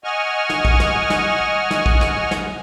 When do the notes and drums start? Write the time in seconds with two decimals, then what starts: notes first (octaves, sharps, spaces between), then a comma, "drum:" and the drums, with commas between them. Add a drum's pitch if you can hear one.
0.04 D#5 F#5 G#5 C#6 F6
0.50 drum: snare
0.65 drum: kick
0.80 drum: snare
1.10 drum: snare
1.71 drum: snare
1.86 drum: kick
2.01 drum: snare
2.31 drum: snare